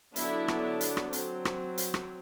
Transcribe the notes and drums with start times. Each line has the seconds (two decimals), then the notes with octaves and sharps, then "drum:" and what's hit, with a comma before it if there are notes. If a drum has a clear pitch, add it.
0.16 D3 F#3 B3 D4 E4, drum: hi-hat
0.48 drum: rim click
0.81 drum: hi-hat
0.97 drum: rim click
1.13 F#3 C4, drum: hi-hat
1.45 drum: rim click
1.78 drum: hi-hat
1.94 drum: rim click